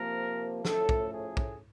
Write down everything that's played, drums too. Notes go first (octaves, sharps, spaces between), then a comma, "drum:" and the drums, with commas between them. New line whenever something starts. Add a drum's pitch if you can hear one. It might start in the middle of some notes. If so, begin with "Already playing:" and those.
Already playing: C3 F3 A#3 A#4
A2 F3 A3 C#4 A4, drum: snare
drum: kick
G#4
drum: kick